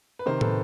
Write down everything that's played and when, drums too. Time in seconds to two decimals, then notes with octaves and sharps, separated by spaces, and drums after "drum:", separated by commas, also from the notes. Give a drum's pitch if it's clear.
0.19 B4
0.26 C3 D#3 A#4 C5
0.41 A4 B4, drum: tom